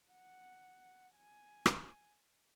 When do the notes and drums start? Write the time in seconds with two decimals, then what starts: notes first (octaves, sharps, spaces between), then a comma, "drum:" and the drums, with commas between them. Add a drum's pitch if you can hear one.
0.11 F#5
1.16 G#5
1.66 drum: rim click